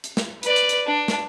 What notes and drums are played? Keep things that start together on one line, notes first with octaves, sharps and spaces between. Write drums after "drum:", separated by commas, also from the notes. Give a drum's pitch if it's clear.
drum: hi-hat
drum: snare
B4 D5, drum: hi-hat
drum: hi-hat
drum: hi-hat
D4
drum: snare